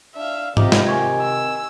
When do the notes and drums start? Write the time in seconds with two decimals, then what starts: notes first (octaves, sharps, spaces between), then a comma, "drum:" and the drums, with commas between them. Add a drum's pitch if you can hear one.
0.16 D4 E5 F5
0.57 C3 D#4 F4 G4 E5 D6, drum: tom G#2
0.72 drum: snare
0.87 D#3 G#5 C#6 G#6
1.21 E6